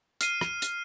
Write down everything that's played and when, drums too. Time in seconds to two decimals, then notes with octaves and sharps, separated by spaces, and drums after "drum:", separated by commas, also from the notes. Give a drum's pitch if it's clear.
0.21 F6 C7 D#7, drum: hi-hat
0.41 drum: rim click
0.62 drum: hi-hat